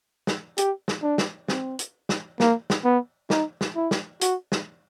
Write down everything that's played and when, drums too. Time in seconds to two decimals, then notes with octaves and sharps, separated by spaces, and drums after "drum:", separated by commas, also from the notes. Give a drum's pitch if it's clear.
0.27 drum: snare
0.58 G4, drum: hi-hat
0.88 drum: snare
1.02 D4
1.18 drum: snare
1.48 C4, drum: snare
1.79 drum: hi-hat
2.09 drum: snare
2.40 A#3, drum: snare
2.70 drum: snare
2.85 B3
3.30 D#4, drum: snare
3.61 drum: snare
3.76 E4
3.91 drum: snare
4.21 F#4, drum: hi-hat
4.52 drum: snare